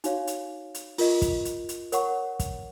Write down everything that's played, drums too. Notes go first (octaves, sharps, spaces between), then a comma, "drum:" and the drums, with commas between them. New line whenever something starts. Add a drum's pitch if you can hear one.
D#4 F#4 C#5 F5, drum: hi-hat
drum: hi-hat
drum: hi-hat
F4 A#4 D#5, drum: open hi-hat
drum: kick, hi-hat
drum: hi-hat
drum: hi-hat
A#4 C#5 F#5 C#6, drum: hi-hat
drum: kick, hi-hat